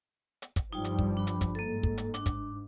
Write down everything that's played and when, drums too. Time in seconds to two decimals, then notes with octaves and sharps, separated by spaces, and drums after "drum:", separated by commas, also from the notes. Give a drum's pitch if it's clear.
0.42 drum: hi-hat
0.56 drum: kick, hi-hat
0.73 G2 F3 G3 D#4 F4 G5
0.84 drum: hi-hat
0.99 drum: kick
1.17 D4 B5
1.27 drum: hi-hat
1.41 drum: kick, hi-hat
1.55 G#2 A#3 A4
1.83 drum: kick
1.98 drum: hi-hat
2.14 D4, drum: hi-hat
2.26 drum: kick, hi-hat